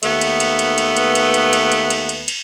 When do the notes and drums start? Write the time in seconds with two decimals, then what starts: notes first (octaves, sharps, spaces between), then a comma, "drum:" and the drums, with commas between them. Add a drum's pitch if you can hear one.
0.03 D#2 A3 B3, drum: cymbal
0.21 drum: cymbal
0.40 drum: cymbal
0.59 drum: cymbal
0.78 drum: cymbal
0.97 drum: cymbal
1.15 drum: cymbal
1.34 drum: cymbal
1.53 drum: cymbal
1.72 drum: cymbal
1.90 drum: cymbal
2.09 drum: cymbal
2.28 drum: cymbal